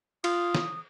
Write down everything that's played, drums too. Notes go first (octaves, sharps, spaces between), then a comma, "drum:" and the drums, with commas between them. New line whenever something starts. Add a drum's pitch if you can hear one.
F4 D#6, drum: cymbal
drum: snare